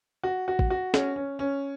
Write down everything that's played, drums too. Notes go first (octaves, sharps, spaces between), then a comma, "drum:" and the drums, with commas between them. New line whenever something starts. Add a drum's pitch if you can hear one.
F#4
F#4
drum: kick
F#4
C#4, drum: snare
C#4
C#4